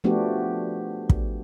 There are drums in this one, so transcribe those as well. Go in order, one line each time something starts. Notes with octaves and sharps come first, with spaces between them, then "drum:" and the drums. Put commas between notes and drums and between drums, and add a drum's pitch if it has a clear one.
F3 A3 B3 D4 F#4 G4
drum: kick